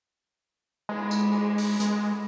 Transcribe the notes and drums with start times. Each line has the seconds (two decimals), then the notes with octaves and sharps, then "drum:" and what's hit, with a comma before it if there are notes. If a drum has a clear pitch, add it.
0.89 G#3, drum: cymbal
1.11 drum: tambourine
1.58 drum: open hi-hat
1.80 G#3, drum: hi-hat